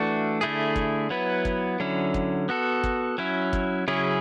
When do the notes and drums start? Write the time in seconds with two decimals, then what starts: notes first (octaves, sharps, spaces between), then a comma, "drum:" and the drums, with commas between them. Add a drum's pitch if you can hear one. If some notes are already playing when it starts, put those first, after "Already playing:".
Already playing: E3 A3 D4 F#4
0.41 D3 A3 E4 G#4
0.76 drum: kick
1.10 F#3 B3 E4 B4
1.45 drum: kick
1.80 D3 F#3 C#4 E4
2.14 drum: kick
2.49 B3 F#4 A4
2.84 drum: kick
3.18 F#3 C#4 E4
3.53 drum: kick
3.88 C#3 F#3 C#4 E4 G#4